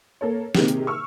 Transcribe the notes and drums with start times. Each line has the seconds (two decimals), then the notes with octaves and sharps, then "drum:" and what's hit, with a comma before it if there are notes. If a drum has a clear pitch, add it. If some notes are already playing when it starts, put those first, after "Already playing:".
0.21 A#3 A4 C#5
0.55 C3 D#3 A#3 C4 G4 G#4, drum: snare
0.68 drum: hi-hat
0.87 C#6 E6 F6